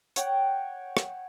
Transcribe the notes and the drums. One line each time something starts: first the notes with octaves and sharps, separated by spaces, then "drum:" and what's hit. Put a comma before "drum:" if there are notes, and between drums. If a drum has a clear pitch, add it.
C#5 F#5 G5, drum: hi-hat
drum: rim click